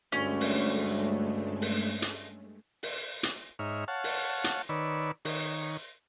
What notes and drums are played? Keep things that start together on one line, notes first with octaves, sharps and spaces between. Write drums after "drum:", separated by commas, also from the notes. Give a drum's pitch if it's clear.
D2 G2 G#3 A3 C#4
drum: open hi-hat
drum: open hi-hat
drum: hi-hat
drum: open hi-hat
drum: hi-hat
G#2 D#4 C#5 E5 F6
C#5 F5 F#5 A5
drum: open hi-hat
drum: hi-hat
D#3 B4 C#5 D5 E6
D#3 C#5, drum: open hi-hat